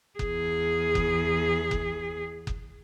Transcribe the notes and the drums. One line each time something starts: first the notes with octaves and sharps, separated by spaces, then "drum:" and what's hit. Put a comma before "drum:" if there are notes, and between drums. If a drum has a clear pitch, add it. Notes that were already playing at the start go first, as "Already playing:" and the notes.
E2 G#4, drum: kick F#1
drum: kick F#1
drum: kick F#1
drum: kick F#1